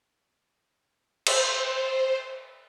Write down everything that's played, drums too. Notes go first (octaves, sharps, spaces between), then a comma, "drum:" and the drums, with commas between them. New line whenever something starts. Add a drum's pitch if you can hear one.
C5, drum: cymbal